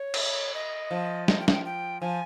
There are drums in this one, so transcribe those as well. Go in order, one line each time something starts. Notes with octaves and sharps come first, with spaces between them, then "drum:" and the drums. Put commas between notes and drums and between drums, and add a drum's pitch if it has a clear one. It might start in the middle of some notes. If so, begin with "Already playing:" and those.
Already playing: C#5
drum: cymbal
D#5
F3
D#5, drum: snare
G5
F5, drum: snare
G5
G5
F3 G#5